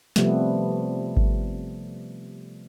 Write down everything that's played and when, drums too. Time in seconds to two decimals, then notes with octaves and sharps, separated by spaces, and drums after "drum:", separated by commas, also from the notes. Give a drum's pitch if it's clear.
0.16 C3 F3 G3 A3 B3, drum: snare
1.17 drum: kick G#1